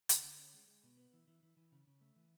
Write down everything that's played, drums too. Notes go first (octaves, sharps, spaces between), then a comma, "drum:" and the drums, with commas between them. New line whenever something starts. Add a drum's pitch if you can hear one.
D3, drum: hi-hat
D3
C#4
G#3
G#3
B2
B3
E3
E3
E3
E3
C#3
C#3
A3
E3